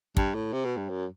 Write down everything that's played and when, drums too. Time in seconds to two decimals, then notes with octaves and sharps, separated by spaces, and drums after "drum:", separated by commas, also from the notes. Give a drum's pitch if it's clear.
0.17 G2, drum: kick
0.35 A2
0.53 C3
0.65 B2
0.77 G2
0.89 F#2